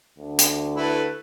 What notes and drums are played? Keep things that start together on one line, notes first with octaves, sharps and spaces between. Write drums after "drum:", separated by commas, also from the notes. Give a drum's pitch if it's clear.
D2
drum: hi-hat
A3 E4 B4